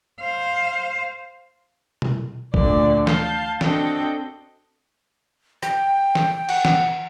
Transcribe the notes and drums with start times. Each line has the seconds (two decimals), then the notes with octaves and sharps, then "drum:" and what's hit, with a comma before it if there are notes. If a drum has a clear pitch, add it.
0.20 C5 F5
2.02 drum: tom B2
2.54 D2 A#2 D3 D5, drum: kick
3.07 F5 A5 G6, drum: snare
3.61 C4 D4 F#4 A4 D#5 G5, drum: snare
5.63 G5, drum: rim click
6.15 drum: snare
6.49 F#5, drum: cymbal
6.65 drum: snare